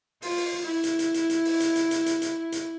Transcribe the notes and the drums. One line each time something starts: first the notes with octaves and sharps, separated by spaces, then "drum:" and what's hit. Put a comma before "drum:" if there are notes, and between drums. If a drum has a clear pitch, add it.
F4, drum: open hi-hat
drum: open hi-hat
E4
drum: hi-hat
drum: hi-hat
drum: hi-hat
drum: hi-hat
drum: open hi-hat
drum: hi-hat
drum: hi-hat
drum: hi-hat
drum: hi-hat
drum: hi-hat
drum: hi-hat